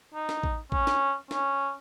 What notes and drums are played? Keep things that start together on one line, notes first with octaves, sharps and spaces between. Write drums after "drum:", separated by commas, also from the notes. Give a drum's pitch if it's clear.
D#4
drum: snare
drum: kick A1
C#4, drum: kick A1
drum: snare
C#4, drum: snare